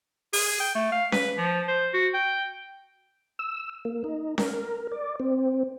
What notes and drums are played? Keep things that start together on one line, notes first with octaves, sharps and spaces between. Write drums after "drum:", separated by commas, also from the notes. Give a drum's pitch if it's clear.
G#4, drum: open hi-hat
G5
A3
F5
B4, drum: snare C#4
F3
C5
F#4
G5
E6
A#3
D#4
A#4, drum: snare C#4
D5
C4